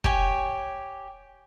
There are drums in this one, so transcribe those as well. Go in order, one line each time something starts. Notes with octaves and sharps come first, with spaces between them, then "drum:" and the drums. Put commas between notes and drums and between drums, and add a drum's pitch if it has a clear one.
G4 C#5 G#5, drum: kick